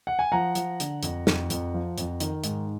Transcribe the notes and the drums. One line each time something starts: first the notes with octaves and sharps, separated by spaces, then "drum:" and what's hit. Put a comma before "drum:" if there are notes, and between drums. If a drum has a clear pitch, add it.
F#5
G#5
F3 F#5 A#5
F3, drum: hi-hat
D3, drum: hi-hat
F2, drum: hi-hat
F2, drum: snare
F2, drum: hi-hat
F3
F2, drum: hi-hat
D#3, drum: hi-hat
G#2, drum: hi-hat